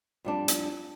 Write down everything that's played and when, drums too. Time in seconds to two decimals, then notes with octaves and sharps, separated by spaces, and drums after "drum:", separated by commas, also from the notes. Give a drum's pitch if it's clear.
0.25 F2 G3 D4
0.48 drum: hi-hat